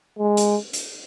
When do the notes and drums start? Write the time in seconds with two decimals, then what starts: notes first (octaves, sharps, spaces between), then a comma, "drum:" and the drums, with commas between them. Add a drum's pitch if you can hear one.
0.19 G#3
0.37 drum: hi-hat
0.73 drum: hi-hat